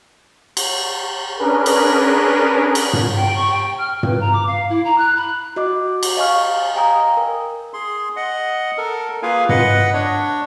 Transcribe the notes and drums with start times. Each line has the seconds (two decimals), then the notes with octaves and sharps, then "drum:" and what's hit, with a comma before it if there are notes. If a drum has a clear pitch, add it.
0.57 drum: cymbal
1.37 C#4 D4 G#4 A#4 B4
1.66 drum: cymbal
2.75 drum: cymbal
2.93 drum: tom
3.15 G5
3.35 C#6
3.50 G5
3.78 F6
4.03 B4, drum: tom
4.20 A#5
4.33 D6
4.47 F5
4.69 E4
4.84 A#5
4.98 F#6
5.17 B5
5.56 F#4 D#5 D6
6.03 drum: cymbal
6.17 D#5 F5 G#5 C#6 F6
6.58 D#5
6.75 F5 G5 G#5 A#5 D#6
7.17 A#4
7.73 G#4 C6
8.16 D#5 F#5
8.78 A4 A#4
9.23 A#3 F4 G#4 B4 F5 G#5
9.49 B4 D#5 F#5, drum: tom
9.93 D4 C#5